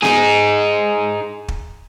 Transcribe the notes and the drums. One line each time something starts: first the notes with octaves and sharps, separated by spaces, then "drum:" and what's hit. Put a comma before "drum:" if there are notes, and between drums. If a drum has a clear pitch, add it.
D#4 G#4, drum: snare B3
drum: kick